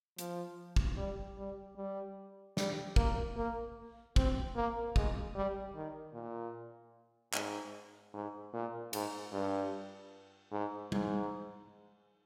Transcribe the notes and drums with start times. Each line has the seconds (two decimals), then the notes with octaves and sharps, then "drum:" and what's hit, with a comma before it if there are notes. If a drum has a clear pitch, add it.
0.18 F3, drum: hi-hat
0.76 drum: kick
0.97 G3
1.38 G3
1.77 G3
2.57 G3, drum: snare
2.96 A#3, drum: kick
3.36 A#3
4.16 C4, drum: kick
4.56 A#3
4.96 G#3, drum: kick
5.35 G3
5.75 D#3
6.14 A#2
7.33 G#2, drum: clap
8.14 G#2
8.53 A#2
8.93 G#2, drum: cymbal
9.32 G2
10.52 G#2
10.92 G#2, drum: tom G3